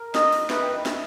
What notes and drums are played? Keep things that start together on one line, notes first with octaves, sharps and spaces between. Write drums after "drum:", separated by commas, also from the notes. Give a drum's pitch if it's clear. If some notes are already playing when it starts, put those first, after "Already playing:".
Already playing: A#4
D#5, drum: snare
drum: open hi-hat
B4 E5, drum: snare
G5
D#5
drum: snare